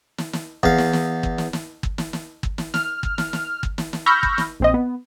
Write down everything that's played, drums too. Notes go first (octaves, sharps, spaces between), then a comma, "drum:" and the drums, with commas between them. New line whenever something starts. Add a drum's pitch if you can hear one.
drum: snare
drum: snare
E2 F5, drum: kick G1
drum: snare
drum: snare
drum: kick G1
drum: snare
drum: snare
drum: kick G1
drum: snare
drum: snare
drum: kick G1
drum: snare
F6, drum: snare
drum: kick G1
drum: snare
drum: snare
drum: kick G1
drum: snare
drum: snare
B5 C#6 E6 F6 G6 A#6
drum: kick G1
drum: snare
A#1 C4 D#5
B3